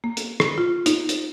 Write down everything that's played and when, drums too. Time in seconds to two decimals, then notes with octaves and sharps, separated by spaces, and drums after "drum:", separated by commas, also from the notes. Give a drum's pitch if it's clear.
0.04 A#3
0.17 drum: hi-hat
0.40 drum: rim click
0.58 F4
0.86 D#4, drum: hi-hat
1.09 drum: hi-hat